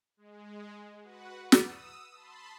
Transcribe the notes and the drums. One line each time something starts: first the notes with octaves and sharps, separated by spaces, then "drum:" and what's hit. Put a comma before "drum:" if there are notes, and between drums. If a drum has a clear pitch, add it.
G#3
F#4 B4 F#5
D#6 E6, drum: snare
A5 B5 C6